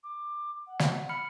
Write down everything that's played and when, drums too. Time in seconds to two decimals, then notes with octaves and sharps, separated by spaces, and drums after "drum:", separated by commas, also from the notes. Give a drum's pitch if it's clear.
0.03 D6
0.66 F#5
0.79 drum: snare
1.09 B5 F6 C#7